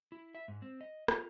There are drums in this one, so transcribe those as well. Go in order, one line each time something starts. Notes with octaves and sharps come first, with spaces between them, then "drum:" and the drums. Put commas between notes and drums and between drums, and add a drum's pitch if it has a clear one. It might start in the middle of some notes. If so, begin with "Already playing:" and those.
E4
E5
G#2
C4
D#5
F4, drum: rim click